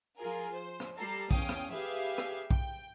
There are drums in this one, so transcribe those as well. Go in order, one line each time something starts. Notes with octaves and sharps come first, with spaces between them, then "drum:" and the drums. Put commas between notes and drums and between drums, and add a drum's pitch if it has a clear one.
F3 F4 G#4 A#4
C5
drum: rim click
G3 A4 A#5 C7
E2 C#4 F5 G5 D#6, drum: kick B1
drum: rim click
G4 G#4 B4 E5 F5
drum: rim click
G5, drum: kick B1